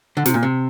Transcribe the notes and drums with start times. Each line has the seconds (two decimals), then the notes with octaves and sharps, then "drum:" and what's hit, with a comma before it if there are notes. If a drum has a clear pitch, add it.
0.17 D3
0.26 C3, drum: snare
0.34 A#2
0.43 C3